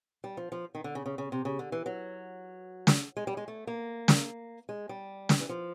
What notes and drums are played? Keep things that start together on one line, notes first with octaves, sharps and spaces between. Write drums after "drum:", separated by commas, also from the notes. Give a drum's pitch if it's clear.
G3
F3
F3
D#3
D3
C#3
C#3
C#3
C3
C#3
D3
E3
F#3
drum: snare
G#3
G3
G#3
A3
A#3
drum: snare
G#3
G3
drum: snare
E3
F3